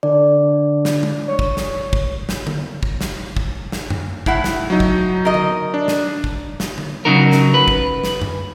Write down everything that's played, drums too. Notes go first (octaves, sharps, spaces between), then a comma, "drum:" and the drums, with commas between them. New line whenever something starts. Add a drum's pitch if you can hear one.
D3 D5
drum: snare
drum: tom G#3
C#5
drum: kick
drum: snare
drum: kick
drum: snare
drum: tom D3
drum: kick
drum: snare
drum: kick
drum: snare
drum: tom F#2
A2 E4 F#5, drum: kick
drum: snare
F#3 D#4
drum: kick
A#4 D#5
drum: tom D3
D4
drum: snare
drum: kick
drum: snare
drum: tom D3
C#3 F#3 D#4 F#4 A#4
drum: snare
B4
drum: kick
drum: snare
drum: tom F#2